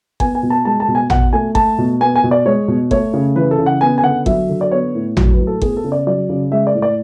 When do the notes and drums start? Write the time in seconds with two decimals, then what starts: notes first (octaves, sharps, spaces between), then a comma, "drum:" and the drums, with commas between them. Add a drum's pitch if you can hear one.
0.20 B3 G#5, drum: kick G1
0.35 G#5
0.43 B2
0.50 A5
0.65 G#3 A5
0.80 A5
0.88 B2
0.95 G#5
1.10 B2 F#5, drum: tom
1.33 A3 G#5
1.55 A3 A5, drum: kick G1
1.78 B2
2.01 B3 G#5
2.16 G#5
2.24 B2
2.31 D5
2.46 G#3 C#5
2.68 B2
2.91 A3 C#5, drum: kick G1
3.14 C#3
3.36 E3 B4
3.51 A4
3.59 C#3
3.66 F#5
3.81 B3 G#5
3.98 G#5
4.03 D3 F#5
4.26 F#3 E5, drum: kick G1
4.49 D3
4.61 D5
4.71 B3 C#5
4.95 A2
5.17 F#3, drum: tom
5.32 B4
5.39 A2
5.47 A4
5.62 B3 G#4, drum: kick G1
5.77 A4
5.84 C#3
5.92 D5
6.07 F#3 D5
6.29 C#3
6.51 G#3 E5
6.67 D5
6.75 A2
6.82 D5